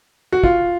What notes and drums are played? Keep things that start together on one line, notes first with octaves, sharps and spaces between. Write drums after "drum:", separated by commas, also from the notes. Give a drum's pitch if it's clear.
F#4
F4, drum: kick